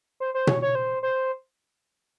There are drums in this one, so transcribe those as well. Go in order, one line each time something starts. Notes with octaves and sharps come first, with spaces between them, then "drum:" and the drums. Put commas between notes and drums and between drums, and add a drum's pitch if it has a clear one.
C5
C5
C#5, drum: tom B2
C#5
C5
C5